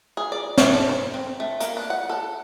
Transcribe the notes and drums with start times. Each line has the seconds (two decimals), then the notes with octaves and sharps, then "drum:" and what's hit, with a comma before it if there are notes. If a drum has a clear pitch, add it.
0.17 G#4
0.32 D5
0.58 E3, drum: snare
0.74 A4
0.89 C5
1.14 C4
1.40 A3
1.60 A#3, drum: hi-hat
1.77 D4
1.90 F#5
2.10 A4